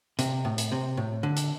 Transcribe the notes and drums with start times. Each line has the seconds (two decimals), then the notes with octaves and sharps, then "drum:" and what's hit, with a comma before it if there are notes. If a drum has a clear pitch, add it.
0.19 C3, drum: hi-hat
0.45 A2
0.58 drum: hi-hat
0.72 C3
0.97 A2
1.23 D3
1.37 drum: hi-hat